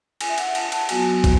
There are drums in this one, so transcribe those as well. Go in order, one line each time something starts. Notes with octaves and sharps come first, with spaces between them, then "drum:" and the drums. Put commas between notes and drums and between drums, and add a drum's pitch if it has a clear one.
G#5, drum: cymbal
E5
F#5, drum: cymbal
A5, drum: cymbal
A5, drum: cymbal
F#3 B3 F#4 G#5, drum: cymbal
drum: kick, cymbal